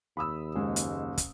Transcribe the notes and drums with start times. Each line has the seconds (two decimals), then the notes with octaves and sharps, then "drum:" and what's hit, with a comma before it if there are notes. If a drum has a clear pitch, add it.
0.17 D#2 B5 D#6 E6
0.55 F#1 G#3
0.76 drum: hi-hat
1.18 drum: kick, hi-hat